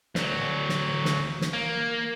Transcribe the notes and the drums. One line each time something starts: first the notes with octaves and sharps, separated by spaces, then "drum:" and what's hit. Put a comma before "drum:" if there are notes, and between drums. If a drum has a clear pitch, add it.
D2 F#3, drum: snare
drum: snare
drum: snare
drum: snare
A#3